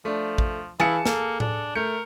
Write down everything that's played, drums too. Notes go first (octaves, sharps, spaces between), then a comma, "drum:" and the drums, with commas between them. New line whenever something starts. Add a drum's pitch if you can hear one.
F3 A3 D4
drum: kick
E3 E4 G#4 F5 A5 C#7
A#3 A4, drum: snare
D4, drum: tom A2
A3 A#4 G6 C#7